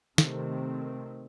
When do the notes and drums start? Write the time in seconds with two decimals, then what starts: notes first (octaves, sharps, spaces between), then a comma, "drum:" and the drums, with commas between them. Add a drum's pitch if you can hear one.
0.18 C3 D#3 A3 C4, drum: snare